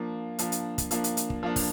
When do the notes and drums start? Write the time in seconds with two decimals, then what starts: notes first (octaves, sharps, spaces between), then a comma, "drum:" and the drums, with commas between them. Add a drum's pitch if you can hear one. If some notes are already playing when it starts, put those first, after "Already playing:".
Already playing: F3 A#3 D4
0.39 F3 A#3 D4, drum: hi-hat
0.52 drum: hi-hat
0.78 drum: kick, hi-hat
0.91 F3 A#3 D4, drum: hi-hat
1.04 drum: hi-hat
1.17 drum: hi-hat
1.30 drum: kick
1.43 F3 A#3 D4
1.56 drum: kick, open hi-hat